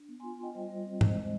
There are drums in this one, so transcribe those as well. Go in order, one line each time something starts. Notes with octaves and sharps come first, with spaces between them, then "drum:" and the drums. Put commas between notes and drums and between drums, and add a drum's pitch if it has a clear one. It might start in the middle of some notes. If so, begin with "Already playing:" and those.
Already playing: D4
B3
F4 G#5 C6
F4 D#5 G5
G3 C5 D#5
G3
C4
G#3 C5 D#5, drum: tom G#2
G#3